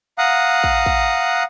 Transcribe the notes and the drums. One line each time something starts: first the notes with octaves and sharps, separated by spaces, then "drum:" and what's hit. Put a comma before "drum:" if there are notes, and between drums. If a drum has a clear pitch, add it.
F5 F#5 A#5 D#6 F#6
drum: kick
drum: kick